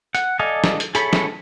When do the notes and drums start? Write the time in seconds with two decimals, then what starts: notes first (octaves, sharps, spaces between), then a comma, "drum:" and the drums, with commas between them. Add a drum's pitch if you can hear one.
0.15 F#5, drum: hi-hat
0.39 A4 D5 D#5 F5 G#5
0.64 drum: snare
0.80 drum: hi-hat
0.95 G#4 A4 C#5 E5 B5, drum: hi-hat
1.13 drum: snare